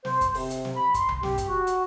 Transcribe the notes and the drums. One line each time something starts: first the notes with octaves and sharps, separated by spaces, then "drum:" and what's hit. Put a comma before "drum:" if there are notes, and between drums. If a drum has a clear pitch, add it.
C5, drum: snare
drum: kick, hi-hat
C3, drum: open hi-hat
drum: hi-hat
drum: snare
B5
C6, drum: kick, hi-hat
drum: tom C2
G4, drum: snare
drum: kick, hi-hat
F#4
drum: hi-hat